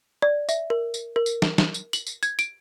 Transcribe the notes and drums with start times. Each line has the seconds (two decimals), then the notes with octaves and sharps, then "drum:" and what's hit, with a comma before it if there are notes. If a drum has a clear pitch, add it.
0.22 D5
0.49 E5, drum: tambourine
0.70 A#4
0.94 drum: tambourine
1.16 A#4
1.26 drum: tambourine
1.42 drum: snare
1.58 drum: snare
1.74 drum: tambourine
1.93 F#7, drum: tambourine
2.07 drum: tambourine
2.23 G#6, drum: tambourine
2.39 D7, drum: tambourine